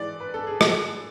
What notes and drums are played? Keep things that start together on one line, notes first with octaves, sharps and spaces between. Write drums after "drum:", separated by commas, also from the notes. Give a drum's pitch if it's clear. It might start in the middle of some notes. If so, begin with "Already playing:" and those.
Already playing: G#2 E3 D5
B4
A4
G#4
A4, drum: rim click